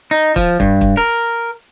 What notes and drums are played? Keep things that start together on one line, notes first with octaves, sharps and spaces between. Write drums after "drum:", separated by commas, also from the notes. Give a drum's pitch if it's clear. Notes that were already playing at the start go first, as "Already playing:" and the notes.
D#4
F3, drum: kick
G2, drum: kick
drum: kick
A#4